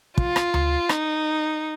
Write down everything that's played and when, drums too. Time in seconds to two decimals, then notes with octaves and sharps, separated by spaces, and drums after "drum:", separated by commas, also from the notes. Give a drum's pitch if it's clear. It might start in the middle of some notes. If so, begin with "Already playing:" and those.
0.18 F4, drum: kick
0.36 drum: rim click
0.54 drum: tom D2
0.89 D#4, drum: rim click